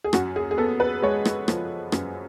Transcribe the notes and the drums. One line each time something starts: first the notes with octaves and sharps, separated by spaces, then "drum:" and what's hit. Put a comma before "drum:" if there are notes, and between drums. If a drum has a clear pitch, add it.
G#4
F#2 F#4, drum: rim click
G#4
G#4
B3 A4
B4
G#3 C#5
drum: rim click
F3, drum: rim click
F#2, drum: rim click